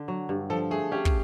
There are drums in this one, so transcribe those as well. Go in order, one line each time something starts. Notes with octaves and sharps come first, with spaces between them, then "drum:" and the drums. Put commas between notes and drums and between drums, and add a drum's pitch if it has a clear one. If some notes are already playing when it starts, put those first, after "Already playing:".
Already playing: D3
F#3
G2
F3 A4
A3 G#4
C#4 G4
drum: kick